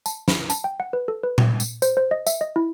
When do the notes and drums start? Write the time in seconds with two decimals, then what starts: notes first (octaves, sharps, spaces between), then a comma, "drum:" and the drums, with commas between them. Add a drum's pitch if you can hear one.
0.06 A5, drum: tambourine
0.28 B5, drum: snare
0.50 A5, drum: tambourine
0.64 G5
0.80 F#5
0.93 B4
1.08 A4
1.23 B4
1.38 drum: tom A#2
1.60 drum: tambourine
1.82 C5, drum: tambourine
1.97 C5
2.11 D#5
2.27 E5, drum: tambourine
2.41 D#5
2.56 E4